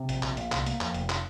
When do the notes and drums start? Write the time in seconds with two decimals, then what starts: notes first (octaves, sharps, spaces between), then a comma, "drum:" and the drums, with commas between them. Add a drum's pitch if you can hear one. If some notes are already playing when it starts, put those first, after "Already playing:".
Already playing: C3
0.09 A#1, drum: hi-hat
0.23 A#1, drum: clap
0.37 A#2, drum: hi-hat
0.52 C2, drum: clap
0.66 A#3, drum: hi-hat
0.81 F2, drum: clap
0.94 F1, drum: hi-hat
1.10 drum: clap